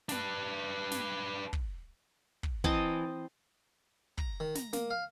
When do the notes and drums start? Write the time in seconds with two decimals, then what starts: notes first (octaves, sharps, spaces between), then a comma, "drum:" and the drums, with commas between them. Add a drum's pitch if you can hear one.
0.09 D4 B4, drum: snare
0.91 drum: snare
1.53 drum: kick
2.43 drum: kick
2.64 E3 C4 D#5 A5, drum: kick
4.18 A#5, drum: kick
4.40 D#3
4.55 A#5, drum: snare
4.73 A#3, drum: snare
4.91 F5